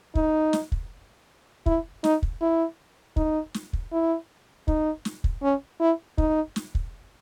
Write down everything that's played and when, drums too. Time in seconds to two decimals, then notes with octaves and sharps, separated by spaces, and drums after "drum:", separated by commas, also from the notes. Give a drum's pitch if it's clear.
0.15 D#4, drum: kick
0.53 drum: snare
0.72 drum: kick
1.66 E4, drum: kick
2.04 D#4, drum: snare
2.23 drum: kick
2.42 E4
3.16 D#4, drum: kick
3.54 drum: snare
3.73 drum: kick
3.93 E4
4.68 D#4, drum: kick
5.05 drum: snare
5.24 drum: kick
5.42 C#4
5.80 E4
6.18 D#4, drum: kick
6.56 drum: snare
6.75 drum: kick